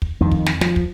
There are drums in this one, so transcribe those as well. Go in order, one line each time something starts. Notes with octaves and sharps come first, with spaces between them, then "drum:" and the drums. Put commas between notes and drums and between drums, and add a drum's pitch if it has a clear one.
drum: kick
F2 D#3
drum: kick
drum: snare
F3, drum: snare
drum: kick